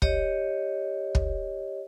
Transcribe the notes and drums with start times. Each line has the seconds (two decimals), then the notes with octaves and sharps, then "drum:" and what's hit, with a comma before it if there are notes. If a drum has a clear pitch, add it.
0.02 G4 C#5 D#5, drum: kick
1.15 drum: kick